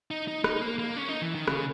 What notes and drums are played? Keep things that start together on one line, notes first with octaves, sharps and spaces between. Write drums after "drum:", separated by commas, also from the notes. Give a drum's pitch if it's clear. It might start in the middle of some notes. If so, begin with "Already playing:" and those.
D#4
D#4
D#4, drum: rim click
A#3
A#3
C#4
D#4
E3
D#3
C#3, drum: rim click